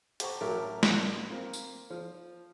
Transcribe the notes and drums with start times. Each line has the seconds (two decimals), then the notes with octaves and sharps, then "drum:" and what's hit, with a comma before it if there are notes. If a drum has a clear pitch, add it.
0.20 G4 C5 F#5 A5 A#5 C#6, drum: hi-hat
0.41 A1 F#3 G4 A#4 A5
0.83 drum: snare
1.29 A#3 C4 F4
1.53 drum: tambourine
1.90 F3